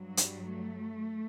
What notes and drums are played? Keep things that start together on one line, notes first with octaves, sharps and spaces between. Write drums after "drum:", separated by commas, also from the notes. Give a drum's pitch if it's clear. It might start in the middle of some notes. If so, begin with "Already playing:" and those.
Already playing: G2 F#3
G3, drum: hi-hat
A3